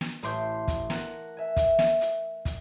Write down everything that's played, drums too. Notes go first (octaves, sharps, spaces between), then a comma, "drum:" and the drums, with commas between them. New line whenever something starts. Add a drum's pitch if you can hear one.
drum: snare
A1 A2 A3 C6 D6 G6, drum: hi-hat
drum: kick, hi-hat
A#4 F#5, drum: snare
E5 G#5
drum: kick, hi-hat
drum: snare
drum: hi-hat
drum: kick, hi-hat